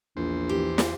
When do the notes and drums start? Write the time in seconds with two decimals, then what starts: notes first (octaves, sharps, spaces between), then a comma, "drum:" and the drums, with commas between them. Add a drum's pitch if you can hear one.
0.17 A#1 E2 C5
0.49 E3 G4
0.78 drum: snare